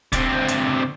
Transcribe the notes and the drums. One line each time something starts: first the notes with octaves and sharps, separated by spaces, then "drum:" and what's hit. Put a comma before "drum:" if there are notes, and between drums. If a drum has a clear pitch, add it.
D3 C4, drum: kick, hi-hat
drum: hi-hat